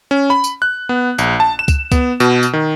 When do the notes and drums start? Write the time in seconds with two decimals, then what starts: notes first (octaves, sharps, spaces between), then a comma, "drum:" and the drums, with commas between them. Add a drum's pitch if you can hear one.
0.11 C#4
0.30 B5
0.44 drum: tambourine
0.62 F#6
0.89 B3
1.18 A#1, drum: tambourine
1.40 A5
1.59 E7
1.68 drum: kick C#2, tambourine
1.92 B3, drum: kick C#2, tambourine
2.20 B2, drum: tambourine
2.43 drum: tambourine
2.53 D#3